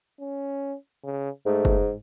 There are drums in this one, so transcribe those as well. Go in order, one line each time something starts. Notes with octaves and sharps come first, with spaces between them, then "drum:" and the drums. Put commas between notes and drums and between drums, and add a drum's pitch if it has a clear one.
C#4
C#3
G#2 A3
drum: kick F#1